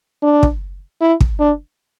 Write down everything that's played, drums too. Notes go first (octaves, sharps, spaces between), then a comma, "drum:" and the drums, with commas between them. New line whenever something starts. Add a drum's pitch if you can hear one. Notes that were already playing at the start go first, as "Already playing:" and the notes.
D4
drum: kick
E4
drum: kick
D4